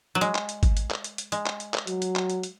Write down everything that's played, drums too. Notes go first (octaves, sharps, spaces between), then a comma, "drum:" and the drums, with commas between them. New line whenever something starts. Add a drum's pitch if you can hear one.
F#3
G#3, drum: hi-hat
drum: clap
drum: hi-hat
drum: kick, hi-hat
drum: hi-hat
drum: clap
drum: hi-hat
drum: hi-hat
G#3, drum: hi-hat
drum: clap
drum: hi-hat
drum: clap
F#3, drum: hi-hat
drum: hi-hat
drum: clap
drum: hi-hat
drum: hi-hat